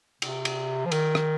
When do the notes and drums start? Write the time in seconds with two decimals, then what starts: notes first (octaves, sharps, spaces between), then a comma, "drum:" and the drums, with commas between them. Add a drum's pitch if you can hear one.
0.22 C3, drum: cymbal
0.45 drum: cymbal
0.86 F3
0.92 D#3, drum: cymbal
1.15 drum: rim click